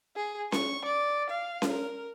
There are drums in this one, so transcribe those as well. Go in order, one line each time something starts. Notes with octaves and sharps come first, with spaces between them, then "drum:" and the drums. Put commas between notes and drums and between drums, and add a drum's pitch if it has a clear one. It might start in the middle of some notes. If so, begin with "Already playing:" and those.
G#4
C#6, drum: snare C#4
D5
F5
drum: snare C#4
A#4